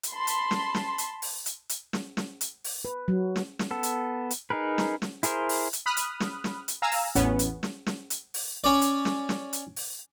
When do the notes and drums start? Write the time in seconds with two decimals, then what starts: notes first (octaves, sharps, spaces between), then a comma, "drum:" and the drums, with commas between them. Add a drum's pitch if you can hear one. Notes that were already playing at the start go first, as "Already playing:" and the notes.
0.03 drum: hi-hat
0.13 A5 B5 C6
0.27 drum: hi-hat
0.51 drum: snare
0.74 drum: snare
0.98 drum: hi-hat
1.22 drum: open hi-hat
1.46 drum: hi-hat
1.69 drum: hi-hat
1.93 drum: snare
2.17 drum: snare
2.41 drum: hi-hat
2.64 drum: open hi-hat
2.85 B4
3.08 F#3
3.36 drum: snare
3.59 drum: snare
3.71 B3 A4
3.83 drum: hi-hat
4.30 drum: hi-hat
4.50 D#4 G#4 A#4 B4
4.78 drum: snare
5.02 drum: snare
5.23 E4 G#4 A#4 C5, drum: hi-hat
5.49 drum: open hi-hat
5.73 drum: hi-hat
5.86 B5 D#6 F6 F#6
5.97 drum: hi-hat
6.20 drum: snare
6.44 drum: snare
6.68 drum: hi-hat
6.82 F5 G#5 A#5 E6
6.92 drum: open hi-hat
7.15 A1 E2 B3 C#4, drum: hi-hat
7.39 drum: hi-hat
7.63 drum: snare
7.86 drum: snare
8.10 drum: hi-hat
8.34 drum: open hi-hat
8.64 C#4 D5
8.81 drum: hi-hat
9.05 drum: snare
9.29 drum: snare
9.53 drum: hi-hat
9.76 drum: open hi-hat